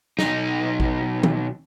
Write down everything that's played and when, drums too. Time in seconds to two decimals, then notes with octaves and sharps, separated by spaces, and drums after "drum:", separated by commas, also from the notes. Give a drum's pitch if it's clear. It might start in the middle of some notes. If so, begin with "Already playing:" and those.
0.19 B1 D#4, drum: snare
0.80 drum: kick A1
1.23 drum: tom D#3